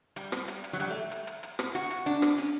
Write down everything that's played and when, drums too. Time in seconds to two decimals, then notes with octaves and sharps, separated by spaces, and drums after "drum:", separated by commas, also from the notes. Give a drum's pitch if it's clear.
0.16 G3, drum: hi-hat
0.32 drum: rim click
0.48 drum: hi-hat
0.64 drum: hi-hat
0.73 F#3
0.80 G3, drum: hi-hat
0.90 A3
1.11 drum: hi-hat
1.27 drum: hi-hat
1.43 drum: hi-hat
1.59 drum: rim click
1.75 F#4, drum: hi-hat
1.90 drum: hi-hat
2.06 D4, drum: hi-hat
2.22 drum: rim click
2.38 C#4, drum: hi-hat